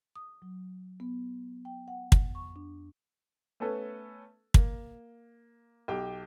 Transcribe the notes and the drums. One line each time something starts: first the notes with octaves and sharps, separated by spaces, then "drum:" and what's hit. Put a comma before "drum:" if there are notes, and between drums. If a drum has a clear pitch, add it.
D#6
F#3
B3
G5
F#5
F2, drum: kick
C#6
D4
A3 B3 C#4 A4 B4
A#3, drum: kick
B1 G4 G5